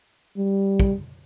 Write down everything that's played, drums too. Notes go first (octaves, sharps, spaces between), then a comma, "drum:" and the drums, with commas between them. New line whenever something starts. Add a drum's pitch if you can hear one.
G3
drum: kick